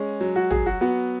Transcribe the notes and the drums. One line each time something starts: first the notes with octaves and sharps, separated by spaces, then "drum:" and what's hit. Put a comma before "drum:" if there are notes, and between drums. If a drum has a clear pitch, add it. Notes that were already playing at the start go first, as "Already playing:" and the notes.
Already playing: G#3 C#4
F#3
F#4
F#3 G#4, drum: tom
F#4
B3 F#4